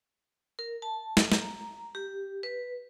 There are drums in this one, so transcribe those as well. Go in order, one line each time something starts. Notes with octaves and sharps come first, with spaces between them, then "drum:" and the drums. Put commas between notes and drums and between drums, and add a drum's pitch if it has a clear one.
A#4
A5
drum: snare
A#5, drum: snare
G4
B4